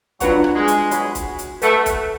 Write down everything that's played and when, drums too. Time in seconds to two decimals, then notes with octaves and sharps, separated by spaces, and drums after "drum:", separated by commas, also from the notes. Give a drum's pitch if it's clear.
0.20 F#3 D4 F4 B4 F#5 C#6, drum: kick, hi-hat
0.44 drum: rim click
0.56 G#3
0.68 drum: hi-hat
0.91 F#4 C#5 G#5 B5, drum: hi-hat
1.15 drum: kick, hi-hat
1.39 drum: hi-hat
1.62 A3 B4 F#5 C#6, drum: hi-hat
1.86 drum: kick, hi-hat